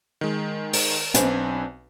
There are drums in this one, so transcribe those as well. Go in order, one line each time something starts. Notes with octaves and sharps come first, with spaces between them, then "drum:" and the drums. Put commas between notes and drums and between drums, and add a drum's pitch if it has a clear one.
D#3 G#3
A#4, drum: open hi-hat
B1 F#3 C4 D4 B4 G#5, drum: hi-hat